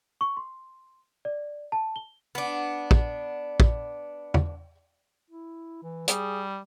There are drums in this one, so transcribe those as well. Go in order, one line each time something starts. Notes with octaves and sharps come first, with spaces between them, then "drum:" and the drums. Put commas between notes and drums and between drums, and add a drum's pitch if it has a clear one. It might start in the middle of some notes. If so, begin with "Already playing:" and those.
C#6
C6
D5
A5
G7
B3 D4
drum: kick
drum: kick
drum: tom E2
E4
E3
G3 G#4, drum: hi-hat